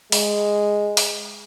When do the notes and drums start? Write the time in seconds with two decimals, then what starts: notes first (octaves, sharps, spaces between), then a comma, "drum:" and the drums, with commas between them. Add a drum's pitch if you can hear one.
0.12 G#3, drum: open hi-hat
0.97 drum: open hi-hat